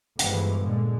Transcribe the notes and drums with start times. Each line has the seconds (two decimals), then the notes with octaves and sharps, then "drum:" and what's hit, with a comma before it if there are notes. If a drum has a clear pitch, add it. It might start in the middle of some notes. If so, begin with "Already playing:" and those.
0.19 G1 G2 E3 F3 G#3, drum: hi-hat
0.63 A#2 D3 G#3